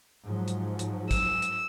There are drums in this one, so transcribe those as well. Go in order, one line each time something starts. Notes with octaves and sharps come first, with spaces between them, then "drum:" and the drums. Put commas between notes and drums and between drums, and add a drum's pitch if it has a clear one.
G#2 F3 F#3
drum: hi-hat
drum: hi-hat
E6, drum: kick, hi-hat
drum: hi-hat